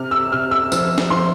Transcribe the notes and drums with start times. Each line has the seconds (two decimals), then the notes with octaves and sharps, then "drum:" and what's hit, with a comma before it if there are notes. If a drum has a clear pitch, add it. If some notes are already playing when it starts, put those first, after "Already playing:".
Already playing: C3 F6
0.11 E6
0.32 C3 F6
0.51 E6
0.72 F3 E6, drum: tambourine
0.98 drum: snare
1.10 F3 C6